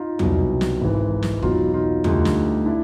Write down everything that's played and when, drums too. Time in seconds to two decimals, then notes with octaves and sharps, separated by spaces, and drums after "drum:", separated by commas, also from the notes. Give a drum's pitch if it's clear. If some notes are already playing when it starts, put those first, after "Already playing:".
Already playing: D#4 F4
0.19 C2 B2 F#3, drum: tom E2
0.61 drum: snare
0.81 G#1 G#2 E3
1.23 drum: snare
1.42 E2 B2 F#3 D#4 F4, drum: kick
1.74 D#4 F4
2.04 D2 D3 G3 D#4 F4, drum: tom E2
2.25 drum: snare
2.66 D4 E4